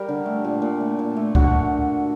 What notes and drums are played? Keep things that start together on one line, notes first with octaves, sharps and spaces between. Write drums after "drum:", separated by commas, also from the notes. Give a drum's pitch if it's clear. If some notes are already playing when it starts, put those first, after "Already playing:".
Already playing: G3 G4 A#4
D3
A3
A#2
A#2
A3
A#2
A3
D3 F#4, drum: kick C#2